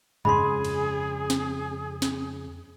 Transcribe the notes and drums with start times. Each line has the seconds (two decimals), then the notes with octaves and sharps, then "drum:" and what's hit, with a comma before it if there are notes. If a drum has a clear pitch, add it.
0.25 F2 C#3 G#3 G#4 B5 C6, drum: tom G2
0.65 drum: cymbal
1.30 drum: snare
2.02 drum: snare